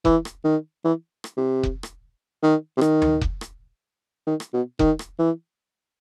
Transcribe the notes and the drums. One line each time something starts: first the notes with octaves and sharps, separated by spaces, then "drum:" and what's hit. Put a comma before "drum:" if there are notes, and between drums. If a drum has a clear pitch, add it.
E3, drum: kick F1
drum: rim click
D#3
E3
drum: rim click
C3
drum: kick F1
drum: rim click
D#3
C3
D#3, drum: rim click
drum: tom D2
drum: kick F1
drum: rim click
D#3
drum: rim click
B2
D#3, drum: kick F1
drum: rim click
E3